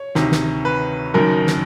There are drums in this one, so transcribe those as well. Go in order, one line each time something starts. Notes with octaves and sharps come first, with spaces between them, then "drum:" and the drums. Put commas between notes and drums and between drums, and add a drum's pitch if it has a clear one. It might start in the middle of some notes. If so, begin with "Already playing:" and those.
Already playing: C#5
D2 C3 D#3, drum: snare
drum: snare
B4
F#1 F#2 D#3 A#4
drum: snare